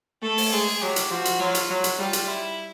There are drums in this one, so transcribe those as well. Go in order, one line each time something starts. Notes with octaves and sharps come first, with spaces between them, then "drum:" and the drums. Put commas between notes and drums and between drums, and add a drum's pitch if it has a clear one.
A3 A4
drum: open hi-hat
G#3 G#4
F#3 G4
drum: hi-hat
F3 F#4
drum: hi-hat
F#3 F4
drum: hi-hat
F#3
drum: hi-hat
G3 F4
drum: hi-hat
E4